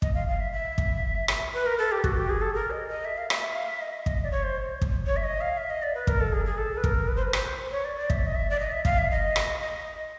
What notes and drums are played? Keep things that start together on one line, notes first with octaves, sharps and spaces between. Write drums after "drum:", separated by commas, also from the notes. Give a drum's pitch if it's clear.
D#5, drum: kick
F5
F5
E5
E5
drum: kick
drum: rim click
B4
A#4
A4
G4
F#4, drum: kick
G4
G#4
A4
A#4
D#5
D#5
E5
F5
E5, drum: rim click
E5
F5
E5
D#5
E5
D#5, drum: kick
D5
C#5
C5
drum: kick
C#5
E5
D#5
F5
E5
D#5
D5
B4
A#4, drum: kick
A4
G#4
G#4
A4
B4
A#4, drum: kick
B4
C5
B4
C5, drum: rim click
C#5
D5
D5
E5, drum: kick
D#5
E5
D5
D#5
E5
F5, drum: kick
E5
D#5
drum: rim click
D#5